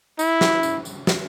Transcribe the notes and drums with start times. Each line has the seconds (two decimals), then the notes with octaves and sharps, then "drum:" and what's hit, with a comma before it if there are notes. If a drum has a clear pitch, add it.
0.19 E4, drum: tambourine
0.41 drum: snare
0.63 drum: tambourine
0.85 drum: tambourine
1.07 drum: snare